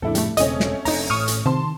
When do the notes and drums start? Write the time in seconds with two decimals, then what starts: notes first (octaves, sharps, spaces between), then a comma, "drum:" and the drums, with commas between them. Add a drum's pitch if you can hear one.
0.02 F2 A2 C#3 D4 E4 A4
0.15 G3 A3, drum: hi-hat
0.37 E1 C#3 A3 C4 C#4 D#5, drum: hi-hat
0.60 drum: snare
0.85 F1 F2 D4 D#4 A#5, drum: open hi-hat
1.10 A1 A2 C#6 D#6 F6
1.28 drum: hi-hat
1.46 C3 D#3 A5 C6